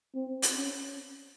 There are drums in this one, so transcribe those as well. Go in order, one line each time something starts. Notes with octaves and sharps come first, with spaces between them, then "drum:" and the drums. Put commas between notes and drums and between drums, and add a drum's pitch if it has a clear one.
C4
drum: hi-hat
C#4